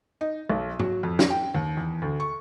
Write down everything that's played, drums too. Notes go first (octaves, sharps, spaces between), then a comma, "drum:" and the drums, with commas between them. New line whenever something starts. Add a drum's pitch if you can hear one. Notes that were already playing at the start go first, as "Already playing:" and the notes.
D#4
B1
F#3, drum: tom G#2
F2
drum: snare
G5
D#2
E2
D2
C#6